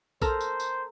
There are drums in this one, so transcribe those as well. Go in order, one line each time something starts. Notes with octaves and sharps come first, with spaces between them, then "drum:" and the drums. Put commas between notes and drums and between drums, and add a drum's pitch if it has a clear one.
A4 A#4 C5, drum: kick, tambourine
drum: tambourine
drum: tambourine